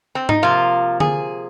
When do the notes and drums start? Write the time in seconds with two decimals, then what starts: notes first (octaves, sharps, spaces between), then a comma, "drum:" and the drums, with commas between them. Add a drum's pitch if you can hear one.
0.15 C4
0.29 D#4, drum: tom G#2
0.42 C3 F3 A#3 F4
1.00 G#4, drum: tom D3